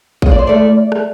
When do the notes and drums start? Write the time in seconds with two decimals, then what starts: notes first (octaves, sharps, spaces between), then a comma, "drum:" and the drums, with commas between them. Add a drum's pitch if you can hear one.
0.22 A#2 D#5, drum: kick
0.31 D5
0.39 C5
0.47 A3 D5
0.92 drum: rim click